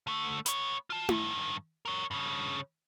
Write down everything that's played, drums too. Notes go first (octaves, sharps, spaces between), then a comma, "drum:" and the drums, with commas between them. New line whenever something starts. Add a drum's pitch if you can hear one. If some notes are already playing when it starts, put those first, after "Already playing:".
D3 A3
B3 C#5, drum: hi-hat
F4 A5
G2 D#3, drum: tom E4
A#4 C#5
G2 C#3